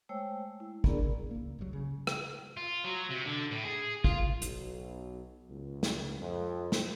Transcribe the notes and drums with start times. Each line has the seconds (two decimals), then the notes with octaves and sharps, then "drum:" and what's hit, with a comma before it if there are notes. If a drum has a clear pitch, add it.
0.09 G#3 A3 C5 C#5 G5 E6
0.60 E4
0.84 A#3 B3 D4 G#4 A#4 D5, drum: kick
1.31 C#2 A#3
1.59 G1 C#2 B2 F#3
1.73 C#3
2.07 drum: rim click
2.57 F4
2.85 F#3
3.10 C3
3.25 D3
3.51 A2
3.64 G#4
4.04 F4, drum: kick
4.42 B1, drum: hi-hat
5.50 C#2
5.83 drum: snare
6.20 F2
6.72 drum: snare